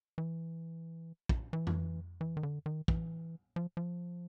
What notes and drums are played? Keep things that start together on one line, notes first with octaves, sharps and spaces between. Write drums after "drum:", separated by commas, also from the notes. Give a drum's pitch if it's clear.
E3
drum: kick
E3
drum: tom F2
E3
D#3
D3
D#3
E3, drum: kick
F3
F3